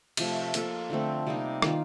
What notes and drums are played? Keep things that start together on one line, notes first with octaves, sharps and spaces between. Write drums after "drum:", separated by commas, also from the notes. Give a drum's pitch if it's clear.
C3 F3 A3, drum: cymbal
A#3 F4 A4, drum: hi-hat
D3 F3 A3 C4
C3 G3 A#3 D#4
D#3 A#3 F4, drum: rim click